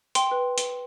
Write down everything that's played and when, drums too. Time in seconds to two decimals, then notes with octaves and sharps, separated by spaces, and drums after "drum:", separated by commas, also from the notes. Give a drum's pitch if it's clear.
0.15 G5 C6, drum: hi-hat
0.31 B4
0.58 drum: hi-hat